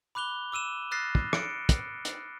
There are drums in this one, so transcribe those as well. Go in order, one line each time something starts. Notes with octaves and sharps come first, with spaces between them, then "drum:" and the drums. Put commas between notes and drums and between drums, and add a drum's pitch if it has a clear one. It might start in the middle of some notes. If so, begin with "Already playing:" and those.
B5 D6 F#6 F7 G7
D6 E6 D#7 E7
D#6 F6 F#6 A6 A#6 C7
drum: kick
C#7 D7, drum: rim click
drum: kick, hi-hat
drum: hi-hat